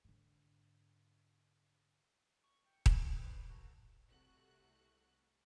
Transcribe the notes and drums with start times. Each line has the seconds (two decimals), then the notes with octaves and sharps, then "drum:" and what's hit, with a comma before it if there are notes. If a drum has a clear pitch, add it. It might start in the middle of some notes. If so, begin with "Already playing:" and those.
0.04 G#2 D3
2.44 C#6
2.66 G5
2.86 G#4, drum: kick D#1
3.03 C5 F#6
3.22 B4 C5 D5
3.49 F#4 A4 B4 A#5
4.08 C2 C3 A3 F#4 F#6